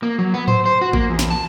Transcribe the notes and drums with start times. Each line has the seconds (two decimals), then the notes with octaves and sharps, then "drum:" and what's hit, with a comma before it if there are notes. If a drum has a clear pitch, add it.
0.03 A#3
0.19 F#3
0.34 B3
0.48 C5, drum: tom G#2
0.66 C5
0.81 F#4
0.93 A#3, drum: kick A1
1.10 E2
1.19 drum: snare
1.30 A5